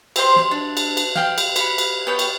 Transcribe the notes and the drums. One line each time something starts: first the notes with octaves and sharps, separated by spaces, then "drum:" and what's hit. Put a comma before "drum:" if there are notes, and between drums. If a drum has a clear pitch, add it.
C4 G4 C5 C6, drum: cymbal
drum: snare
D4
drum: cymbal
drum: cymbal
F5 G5, drum: snare
drum: cymbal
F#5 B5, drum: cymbal
drum: cymbal
B3 C#5 G5
drum: cymbal